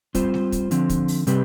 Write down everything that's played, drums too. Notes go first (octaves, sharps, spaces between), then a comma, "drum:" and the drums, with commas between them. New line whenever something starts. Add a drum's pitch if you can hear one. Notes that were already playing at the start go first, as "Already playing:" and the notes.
G3 C4 F4 C5, drum: kick, hi-hat
drum: snare G#3
drum: kick, hi-hat
D3 F3 C4, drum: hi-hat
drum: kick, hi-hat
drum: open hi-hat
C3 G3 C4 G4 B4, drum: hi-hat